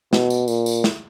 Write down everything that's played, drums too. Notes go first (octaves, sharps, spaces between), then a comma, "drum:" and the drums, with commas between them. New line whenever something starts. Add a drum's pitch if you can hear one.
B2, drum: snare
drum: tambourine
A#2, drum: tambourine
drum: tambourine
drum: snare